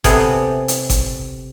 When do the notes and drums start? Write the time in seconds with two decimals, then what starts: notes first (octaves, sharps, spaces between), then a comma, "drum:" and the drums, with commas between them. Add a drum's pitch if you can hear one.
0.04 C3 B3 G#4 A4, drum: kick G1, hi-hat
0.68 drum: hi-hat
0.90 drum: kick G1, hi-hat